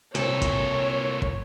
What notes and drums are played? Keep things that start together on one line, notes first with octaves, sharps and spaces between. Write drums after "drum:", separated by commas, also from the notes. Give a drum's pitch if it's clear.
C2 A#2 A4 C#5, drum: hi-hat
drum: kick, hi-hat
drum: kick